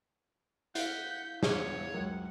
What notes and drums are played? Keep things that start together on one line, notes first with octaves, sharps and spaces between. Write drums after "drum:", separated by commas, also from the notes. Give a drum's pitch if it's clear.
E4 F5 F#5 G6 B6 C7 D7, drum: hi-hat
E2 C#5 E5, drum: snare
C#2 F#2 A#4 F#5